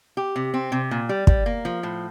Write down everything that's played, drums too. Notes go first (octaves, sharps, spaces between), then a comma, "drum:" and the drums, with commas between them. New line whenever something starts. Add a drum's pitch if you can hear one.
G4
C3
C4
C3
A#2
G3
G3, drum: kick
A#3
F3
A2